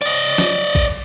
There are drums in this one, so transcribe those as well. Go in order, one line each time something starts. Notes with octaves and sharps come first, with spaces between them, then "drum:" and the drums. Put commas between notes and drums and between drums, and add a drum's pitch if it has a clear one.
D5 D#5, drum: cymbal
drum: snare
drum: kick A#1, cymbal